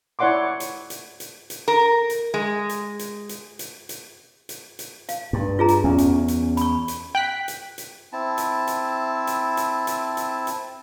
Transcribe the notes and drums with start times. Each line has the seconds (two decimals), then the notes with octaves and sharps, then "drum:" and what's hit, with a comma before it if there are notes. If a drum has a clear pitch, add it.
0.19 E4 C#5 D5 F#5 C6 D6
0.60 drum: hi-hat
0.90 drum: hi-hat
1.20 drum: hi-hat
1.50 drum: hi-hat
1.68 A#4
2.10 drum: hi-hat
2.34 G#3
2.69 drum: hi-hat
2.99 drum: hi-hat
3.29 drum: hi-hat
3.59 drum: hi-hat
3.89 drum: hi-hat
4.49 drum: hi-hat
4.79 drum: hi-hat
5.09 F5, drum: hi-hat
5.33 G2
5.59 F4 G#4 A#5
5.68 drum: hi-hat
5.84 E2 C#4
5.98 drum: hi-hat
6.28 drum: hi-hat
6.57 B5 C#6, drum: hi-hat
6.88 drum: hi-hat
7.15 G5 F#6 B6
7.48 drum: hi-hat
7.78 drum: hi-hat
8.13 C4 E4 A5
8.38 drum: hi-hat
8.67 drum: hi-hat
9.27 drum: hi-hat
9.57 drum: hi-hat
9.87 drum: hi-hat
10.17 drum: hi-hat
10.47 drum: hi-hat